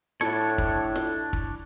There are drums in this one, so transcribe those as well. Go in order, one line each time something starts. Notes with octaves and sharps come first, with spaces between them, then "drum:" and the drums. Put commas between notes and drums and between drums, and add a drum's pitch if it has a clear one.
A2 D4 E4 C#5 A5, drum: snare
drum: kick
drum: snare
drum: kick